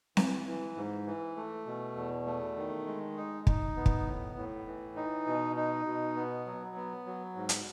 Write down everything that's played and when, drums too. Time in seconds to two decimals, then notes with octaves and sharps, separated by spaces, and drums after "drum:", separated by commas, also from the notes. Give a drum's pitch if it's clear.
0.17 E3, drum: snare C4
0.46 E3
0.76 G#2
1.07 E3
1.36 A3
1.66 B2
1.96 E2
2.26 A3
2.57 D#3
2.86 G#3
3.16 D#4
3.47 D#4, drum: kick
3.76 B3
3.86 drum: kick
4.06 A2
4.36 A2
4.66 E3
4.96 D#4
5.27 B2
5.56 D#4
5.86 B2
6.16 B3
6.46 F#3
6.76 B3
7.06 F#3
7.36 G#2
7.49 drum: hi-hat